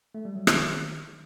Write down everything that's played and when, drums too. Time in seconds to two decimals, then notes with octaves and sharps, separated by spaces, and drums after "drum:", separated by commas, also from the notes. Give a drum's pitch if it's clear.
0.15 A3
0.25 G3
0.35 F#3
0.47 D#3, drum: rim click